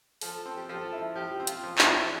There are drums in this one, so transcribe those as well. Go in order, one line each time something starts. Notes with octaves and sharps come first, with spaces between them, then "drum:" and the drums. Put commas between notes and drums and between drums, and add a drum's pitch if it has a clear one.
F3 A4, drum: open hi-hat
C4
G4
F3 A4
E4
F3 G4
C4
F4, drum: hi-hat
F3
D4, drum: clap
E4